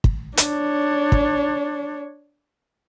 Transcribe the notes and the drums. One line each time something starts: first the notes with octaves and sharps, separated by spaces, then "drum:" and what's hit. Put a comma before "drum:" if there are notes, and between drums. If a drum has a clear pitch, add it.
drum: kick
D4 C#5, drum: hi-hat
drum: kick